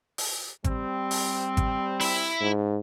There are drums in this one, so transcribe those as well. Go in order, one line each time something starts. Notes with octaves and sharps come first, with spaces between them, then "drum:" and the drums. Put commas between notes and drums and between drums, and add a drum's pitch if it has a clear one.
drum: open hi-hat
G3 C4, drum: kick G#1, hi-hat
drum: open hi-hat
drum: kick G#1, hi-hat
E4 E5, drum: open hi-hat
G#2